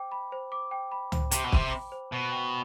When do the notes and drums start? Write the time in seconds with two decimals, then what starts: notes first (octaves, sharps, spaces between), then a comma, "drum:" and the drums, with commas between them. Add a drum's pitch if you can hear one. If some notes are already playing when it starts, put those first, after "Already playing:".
Already playing: C5 G5 D6
0.12 B5
0.32 C5
0.52 D6
0.71 G5
0.92 B5
1.12 C5, drum: tom C#2
1.31 C3 D6, drum: hi-hat
1.44 B2
1.52 C3 G5, drum: kick
1.72 B5
1.92 C5
2.12 B2 C5
2.32 G5